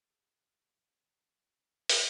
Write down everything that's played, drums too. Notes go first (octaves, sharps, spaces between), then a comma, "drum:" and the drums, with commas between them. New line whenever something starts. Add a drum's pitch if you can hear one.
G4 G#4 D#5 F5
drum: open hi-hat